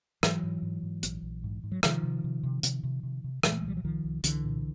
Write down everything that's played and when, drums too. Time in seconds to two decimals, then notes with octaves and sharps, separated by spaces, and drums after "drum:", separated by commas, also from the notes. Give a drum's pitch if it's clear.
0.23 G#2 E3 F#3, drum: rim click
0.43 G#2
0.62 G#2
0.83 G#2
1.03 A#1, drum: hi-hat
1.22 A#1
1.44 G#2
1.64 G#2
1.72 F#3
1.83 C3 D#3 F3, drum: rim click
2.03 C3
2.24 C3
2.43 C3
2.63 C3, drum: hi-hat
2.83 C3
3.03 C3
3.24 C3
3.43 A#2 E3 F#3, drum: rim click
3.52 A3
3.61 G#3
3.64 C2 G3
3.77 F#3
3.84 C2 D#3 F3
4.04 C2
4.24 C2 D3 E3, drum: hi-hat
4.45 A#2